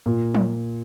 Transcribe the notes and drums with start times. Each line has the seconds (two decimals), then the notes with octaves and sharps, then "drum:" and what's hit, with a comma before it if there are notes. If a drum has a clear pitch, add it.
0.06 A#2
0.35 drum: tom F3